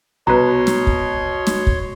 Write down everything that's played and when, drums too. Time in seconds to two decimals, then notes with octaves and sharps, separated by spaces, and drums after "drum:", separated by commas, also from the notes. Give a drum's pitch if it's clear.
0.27 C2 B2 B4 C#5 A#5 C6
0.67 drum: snare
0.87 drum: kick
1.47 drum: snare
1.67 drum: kick